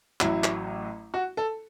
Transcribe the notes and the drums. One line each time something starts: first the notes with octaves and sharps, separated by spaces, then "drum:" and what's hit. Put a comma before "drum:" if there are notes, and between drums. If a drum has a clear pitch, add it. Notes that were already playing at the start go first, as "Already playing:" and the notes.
A1 A2 F#3 E4, drum: clap
drum: clap
F#4
A4